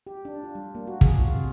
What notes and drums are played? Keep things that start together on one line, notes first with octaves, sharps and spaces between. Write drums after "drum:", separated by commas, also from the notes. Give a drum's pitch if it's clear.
G4
D4
F4
G3
A#3
F#4
G#4, drum: kick
F4
C3